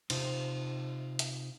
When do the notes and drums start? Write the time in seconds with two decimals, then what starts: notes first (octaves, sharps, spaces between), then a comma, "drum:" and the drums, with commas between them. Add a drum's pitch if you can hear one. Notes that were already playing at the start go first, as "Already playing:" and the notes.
0.10 C3 D#4 F4 C5, drum: cymbal
1.19 drum: hi-hat